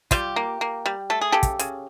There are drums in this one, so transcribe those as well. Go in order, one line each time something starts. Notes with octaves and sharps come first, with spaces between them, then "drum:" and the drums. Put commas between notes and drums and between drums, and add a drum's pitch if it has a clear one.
G3 F4 G4, drum: kick, hi-hat
A#3
A#3
G3
A3 A4
G#4
C#3 G4 A4
drum: kick, hi-hat
C#3, drum: hi-hat